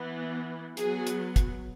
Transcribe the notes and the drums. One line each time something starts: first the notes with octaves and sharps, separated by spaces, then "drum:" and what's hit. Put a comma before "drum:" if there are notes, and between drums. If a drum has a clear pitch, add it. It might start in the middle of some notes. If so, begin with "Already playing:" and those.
Already playing: E3 B3
F#3 B3 G#4, drum: hi-hat
drum: hi-hat
drum: kick, hi-hat